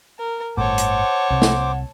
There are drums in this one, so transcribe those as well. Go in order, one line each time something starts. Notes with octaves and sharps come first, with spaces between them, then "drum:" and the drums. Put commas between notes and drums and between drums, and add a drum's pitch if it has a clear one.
A#4
G1 A2 A4 C5 C#5 F#5 D6
drum: hi-hat
C2 C3
drum: snare